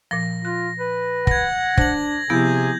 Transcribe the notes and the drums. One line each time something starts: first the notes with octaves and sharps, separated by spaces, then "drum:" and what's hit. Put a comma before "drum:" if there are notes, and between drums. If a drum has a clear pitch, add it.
A#2 F3 A#6
F4 F#6
B4
F#5 G#6 A#6, drum: kick
D4 C5 A#6 F#7, drum: kick
C3 F3 B3 E4 G#4 G6